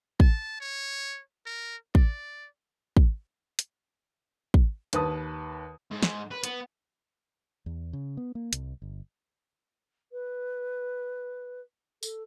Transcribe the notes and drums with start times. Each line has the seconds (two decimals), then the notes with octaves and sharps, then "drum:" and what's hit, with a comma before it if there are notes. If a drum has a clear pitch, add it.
0.20 A5, drum: kick
0.60 C#5
1.46 A#4
1.95 D5, drum: kick
2.97 drum: kick
3.59 drum: hi-hat
4.54 drum: kick
4.93 D#2 B4 A5 D#6, drum: hi-hat
5.91 G#2
6.03 drum: snare
6.31 B4
6.44 B3, drum: hi-hat
7.66 E2
7.93 C#3
8.17 B3
8.35 A#3
8.53 C2, drum: hi-hat
8.82 G1
10.12 B4
12.03 A4, drum: tambourine